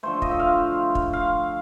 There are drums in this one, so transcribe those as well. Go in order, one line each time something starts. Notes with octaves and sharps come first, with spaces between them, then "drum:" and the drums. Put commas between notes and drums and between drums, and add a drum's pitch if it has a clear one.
D3 F3 A3 C5
D#5, drum: kick
E5
F5
drum: kick
F5